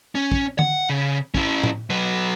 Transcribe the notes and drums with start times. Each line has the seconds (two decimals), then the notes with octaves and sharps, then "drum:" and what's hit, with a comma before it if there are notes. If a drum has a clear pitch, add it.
0.15 C#4
0.32 drum: kick
0.59 F#5, drum: tom D3
0.89 C#3
1.35 C#4 E4, drum: kick
1.63 drum: tom A2
1.90 F#3 B4